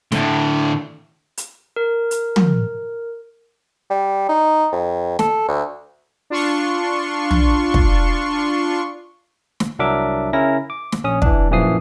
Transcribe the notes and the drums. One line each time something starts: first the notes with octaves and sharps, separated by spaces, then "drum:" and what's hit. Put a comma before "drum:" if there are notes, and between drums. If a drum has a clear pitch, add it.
A2 D3, drum: snare
drum: hi-hat
A#4
drum: hi-hat
drum: tom
G3
D#4
F2
A4, drum: snare
D2
D4 F4 C6 C#6
drum: tom
drum: kick
drum: snare
C2 F#3 D4 A#4 E5 D6
C#3 C#4 E4 A#4 A#6
D6
drum: snare
A#1 C#4 D#6
E3 D4, drum: kick
A#1 F#2 E3 F3 D#6 C7